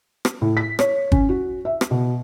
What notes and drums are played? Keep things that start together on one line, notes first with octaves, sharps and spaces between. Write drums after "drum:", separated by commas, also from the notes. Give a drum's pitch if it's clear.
drum: rim click
A2
B6
C#5, drum: rim click
C#4, drum: kick
F#4
E5
drum: rim click
B2